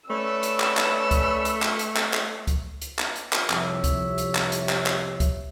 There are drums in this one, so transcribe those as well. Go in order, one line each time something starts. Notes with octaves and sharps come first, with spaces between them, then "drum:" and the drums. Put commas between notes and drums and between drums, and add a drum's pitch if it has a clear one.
A3 C#4 B4 D5 E6
drum: hi-hat
drum: clap
drum: clap
drum: kick C#2, hi-hat
drum: hi-hat
drum: clap
drum: hi-hat
drum: clap
drum: clap
drum: kick C#2, hi-hat
drum: hi-hat
drum: clap
drum: hi-hat
drum: clap
C2 F2 G4 C#5 E5, drum: clap
drum: kick C#2, hi-hat
drum: hi-hat
drum: clap
drum: hi-hat
drum: clap
drum: clap
drum: kick C#2, hi-hat